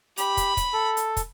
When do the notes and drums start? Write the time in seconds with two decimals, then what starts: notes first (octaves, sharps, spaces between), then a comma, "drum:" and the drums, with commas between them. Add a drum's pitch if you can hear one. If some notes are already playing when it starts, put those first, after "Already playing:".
0.17 G4 B5, drum: hi-hat
0.37 drum: kick, hi-hat
0.57 drum: kick, hi-hat
0.73 A4
0.97 drum: hi-hat
1.17 drum: kick, hi-hat